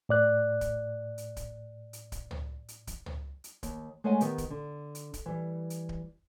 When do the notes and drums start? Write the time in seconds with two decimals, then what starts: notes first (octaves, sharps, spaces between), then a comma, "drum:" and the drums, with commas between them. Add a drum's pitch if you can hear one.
0.09 A2 D5 F#6
0.61 drum: kick D1, hi-hat
1.18 drum: hi-hat
1.36 drum: kick D1, hi-hat
1.93 drum: hi-hat
2.12 drum: kick D1, hi-hat
2.31 drum: tom
2.68 drum: hi-hat
2.87 drum: kick D1, hi-hat
3.06 drum: tom
3.44 drum: hi-hat
3.63 D#2, drum: kick D1, hi-hat
4.04 G#3 A3 C#5 D#5 F#5 G#5
4.21 D#3 B3 G4, drum: hi-hat
4.38 drum: kick D1, hi-hat
4.50 D3
4.95 drum: hi-hat
5.14 drum: kick D1, hi-hat
5.26 E3 G3
5.70 drum: hi-hat
5.89 drum: kick D1